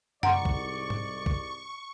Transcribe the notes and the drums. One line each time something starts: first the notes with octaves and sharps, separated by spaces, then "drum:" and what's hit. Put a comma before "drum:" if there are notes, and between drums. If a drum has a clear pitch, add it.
C2 G#2 D5 F#5 A#5 C6 C#6, drum: tom F#2
drum: kick B1
drum: tom G#2
drum: kick B1